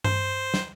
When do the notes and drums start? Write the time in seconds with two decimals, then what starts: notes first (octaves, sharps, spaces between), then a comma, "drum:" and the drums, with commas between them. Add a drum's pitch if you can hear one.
0.04 C5, drum: tom G2
0.54 drum: snare